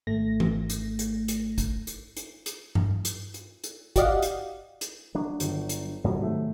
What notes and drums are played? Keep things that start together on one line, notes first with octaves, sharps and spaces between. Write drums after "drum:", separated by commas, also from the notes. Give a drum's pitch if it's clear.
G#1 A3 A#6
drum: tom E3
drum: hi-hat
drum: hi-hat
drum: hi-hat
drum: kick, hi-hat
drum: hi-hat
drum: hi-hat
drum: hi-hat
drum: tom G2
drum: hi-hat
drum: hi-hat
drum: hi-hat
F#4 G4 D5 D#5 F5 F#5, drum: kick, hi-hat
drum: hi-hat
drum: hi-hat
F#3 D4
G1, drum: hi-hat
drum: hi-hat
G#2 C3 F#3 G3
D#3 A3